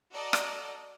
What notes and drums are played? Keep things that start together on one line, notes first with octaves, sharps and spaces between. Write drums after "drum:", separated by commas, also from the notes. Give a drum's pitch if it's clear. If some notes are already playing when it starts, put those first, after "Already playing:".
F#4 A4 D5 D#5 A#5
drum: rim click